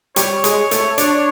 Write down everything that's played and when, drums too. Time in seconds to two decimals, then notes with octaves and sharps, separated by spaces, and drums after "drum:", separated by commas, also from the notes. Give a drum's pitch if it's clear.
0.16 G3 C#5, drum: hi-hat
0.44 G#3, drum: hi-hat
0.71 A3, drum: hi-hat
0.98 D4, drum: hi-hat